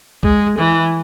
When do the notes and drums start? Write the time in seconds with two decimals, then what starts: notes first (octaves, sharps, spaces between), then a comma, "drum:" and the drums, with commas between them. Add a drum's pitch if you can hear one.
0.23 G#3, drum: kick
0.58 E3